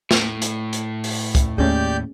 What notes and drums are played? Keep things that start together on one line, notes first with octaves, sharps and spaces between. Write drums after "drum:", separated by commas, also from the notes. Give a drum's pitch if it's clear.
A2, drum: snare
drum: hi-hat
drum: hi-hat
drum: open hi-hat
drum: kick, hi-hat
D#2 A3 C#4 G4 G#4 D5 G6